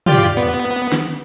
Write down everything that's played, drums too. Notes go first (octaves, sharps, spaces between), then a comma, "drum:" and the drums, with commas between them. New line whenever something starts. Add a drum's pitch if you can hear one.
F4 G4 D5, drum: tom
B3
drum: snare